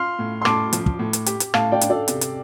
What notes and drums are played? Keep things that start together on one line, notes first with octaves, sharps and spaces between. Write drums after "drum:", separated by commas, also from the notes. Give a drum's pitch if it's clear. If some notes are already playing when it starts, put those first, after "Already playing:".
Already playing: F4 C6 F6
A2
C6
A2 A5 D6, drum: rim click
F3, drum: hi-hat
drum: kick
A2
drum: hi-hat
G4, drum: hi-hat
drum: hi-hat
A2 F5 A5, drum: rim click
D5 G5
D4, drum: hi-hat
A4 D5
C3, drum: hi-hat
drum: hi-hat